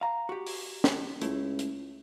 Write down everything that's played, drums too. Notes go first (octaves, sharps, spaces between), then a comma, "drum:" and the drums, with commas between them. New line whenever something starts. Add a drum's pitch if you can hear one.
F5 A#5
F#4 G4
drum: open hi-hat
drum: snare
C#2 A3 E4, drum: hi-hat
drum: hi-hat